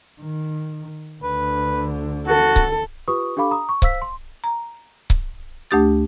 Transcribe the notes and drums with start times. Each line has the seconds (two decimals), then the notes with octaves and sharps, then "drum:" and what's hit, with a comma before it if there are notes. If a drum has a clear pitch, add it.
0.21 D#3
1.23 D2 D3 B4
2.27 F#4 A4
2.56 drum: kick C#1
3.08 F4 G4 B4 C#6 D#6
3.37 D4 G4 A4 F5 B5 D6
3.51 A#5 D#6
3.69 C#6
3.82 C5 F5 E6 B6, drum: kick C#1
4.02 C6
4.44 A#5
5.10 drum: kick C#1
5.71 D2 A3 D4 G4 D#6 A6